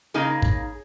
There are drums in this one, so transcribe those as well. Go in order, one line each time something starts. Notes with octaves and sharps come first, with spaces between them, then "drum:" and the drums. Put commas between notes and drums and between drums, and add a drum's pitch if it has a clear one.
C#3 A#3 D#4 G#4
drum: kick